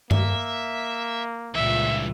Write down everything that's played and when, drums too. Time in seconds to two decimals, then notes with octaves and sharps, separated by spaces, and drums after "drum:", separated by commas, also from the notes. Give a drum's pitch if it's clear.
0.11 A#3 E5, drum: tom G2
1.55 C#2 G2 A#2 E3 E5